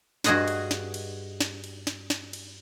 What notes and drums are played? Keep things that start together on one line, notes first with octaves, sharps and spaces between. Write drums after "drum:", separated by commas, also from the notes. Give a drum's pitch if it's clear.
G2 F#4 G#4 D#5 F#5 C6, drum: snare
drum: cymbal
drum: snare
drum: cymbal
drum: snare
drum: cymbal
drum: snare
drum: snare
drum: cymbal